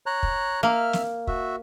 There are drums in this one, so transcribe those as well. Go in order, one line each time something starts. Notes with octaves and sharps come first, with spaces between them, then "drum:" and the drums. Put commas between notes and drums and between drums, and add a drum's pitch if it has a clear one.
C#5 A#5 F#6
drum: kick
A#3 E5 F6
drum: snare
F#4 E5, drum: kick